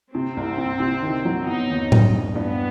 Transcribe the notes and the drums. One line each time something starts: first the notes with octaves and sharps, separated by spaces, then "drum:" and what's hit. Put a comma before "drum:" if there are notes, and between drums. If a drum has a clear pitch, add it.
C3 C4
C2
C3
C3
D#3
F#3
B3 D#4
D#2
G2, drum: tom A2
G2
G2 B3